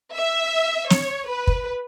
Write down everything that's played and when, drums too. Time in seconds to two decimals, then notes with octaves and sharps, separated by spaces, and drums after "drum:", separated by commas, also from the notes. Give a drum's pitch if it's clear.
0.14 E5
0.90 C#5, drum: snare
1.28 B4
1.47 drum: kick